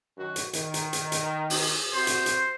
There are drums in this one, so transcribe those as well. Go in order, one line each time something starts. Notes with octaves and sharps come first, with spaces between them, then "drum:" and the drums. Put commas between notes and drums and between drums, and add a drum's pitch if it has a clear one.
F#2 D#3 F#4
drum: hi-hat
D#3, drum: hi-hat
drum: hi-hat
drum: hi-hat
drum: hi-hat
drum: open hi-hat
C3 F#4 C5
drum: hi-hat
drum: hi-hat